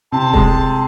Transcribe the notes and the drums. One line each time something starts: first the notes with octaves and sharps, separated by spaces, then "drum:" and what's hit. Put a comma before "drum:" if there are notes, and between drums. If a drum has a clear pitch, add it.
C3 A5
G#3, drum: kick D#1